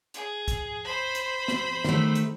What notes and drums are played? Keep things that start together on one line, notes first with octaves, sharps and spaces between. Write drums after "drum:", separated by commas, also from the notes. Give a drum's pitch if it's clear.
G#4, drum: hi-hat
drum: kick, hi-hat
C5 B5
drum: hi-hat
drum: snare
D#3 A3, drum: snare
drum: hi-hat